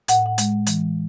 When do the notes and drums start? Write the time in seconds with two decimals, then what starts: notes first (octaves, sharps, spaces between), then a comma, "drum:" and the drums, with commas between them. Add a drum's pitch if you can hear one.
0.08 A2 F#5, drum: hi-hat
0.26 F#5
0.38 G#3, drum: hi-hat
0.67 E3, drum: hi-hat